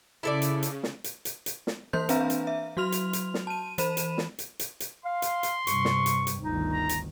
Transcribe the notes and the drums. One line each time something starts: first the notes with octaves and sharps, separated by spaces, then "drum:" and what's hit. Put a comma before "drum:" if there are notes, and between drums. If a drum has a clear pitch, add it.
C#3 E4 A4 D5
drum: hi-hat
drum: hi-hat
drum: snare
drum: hi-hat
drum: hi-hat
drum: hi-hat
drum: snare
E3 A#3 C5 C6 G6
C4 D4 B4 E5 F5 A#5, drum: hi-hat
drum: hi-hat
E5
F#3 F#4 C6 F6 F7
drum: hi-hat
drum: hi-hat
drum: snare
A5 D#7
E3 C5 B5 D#7 E7, drum: hi-hat
drum: hi-hat
drum: snare
drum: hi-hat
drum: hi-hat
drum: hi-hat
F5 C6
drum: hi-hat
drum: hi-hat
G2 C3 C#6, drum: hi-hat
drum: snare
drum: hi-hat
drum: hi-hat
G1 D2 D#3 D#4
A#5
drum: hi-hat